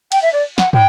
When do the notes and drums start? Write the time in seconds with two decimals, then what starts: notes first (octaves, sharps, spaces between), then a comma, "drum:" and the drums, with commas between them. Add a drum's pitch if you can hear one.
0.12 G5, drum: cymbal
0.22 E5
0.33 D5
0.58 F#5, drum: snare
0.73 G5, drum: tom